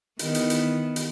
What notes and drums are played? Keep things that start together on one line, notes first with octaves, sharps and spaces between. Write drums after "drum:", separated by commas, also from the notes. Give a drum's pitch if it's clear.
D#3 E3 B3, drum: hi-hat
drum: hi-hat
drum: hi-hat
drum: hi-hat